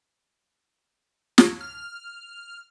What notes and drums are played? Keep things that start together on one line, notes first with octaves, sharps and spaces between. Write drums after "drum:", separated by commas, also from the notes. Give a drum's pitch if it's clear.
drum: snare
F6